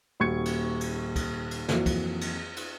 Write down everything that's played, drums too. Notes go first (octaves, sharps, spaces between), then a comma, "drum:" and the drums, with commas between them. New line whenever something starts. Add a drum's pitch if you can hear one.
D#1 F#4 C#6 G#6 C#7
drum: cymbal
drum: cymbal
drum: kick, cymbal
drum: cymbal
F2 E3 F#3 A#3, drum: snare
drum: kick, cymbal
drum: cymbal
drum: cymbal